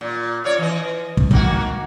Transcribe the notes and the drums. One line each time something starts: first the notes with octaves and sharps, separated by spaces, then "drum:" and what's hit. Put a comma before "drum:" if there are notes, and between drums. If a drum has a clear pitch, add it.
A#2
F4 C#5 D5
E3 D#5
drum: kick
D#3 A#3 F#4, drum: kick